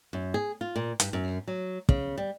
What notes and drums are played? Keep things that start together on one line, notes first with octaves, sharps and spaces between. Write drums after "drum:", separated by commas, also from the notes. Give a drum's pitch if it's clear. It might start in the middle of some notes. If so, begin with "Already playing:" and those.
F#2
G#4
F4
A#2
G2, drum: hi-hat
F#2
F#3
C#3, drum: kick
G3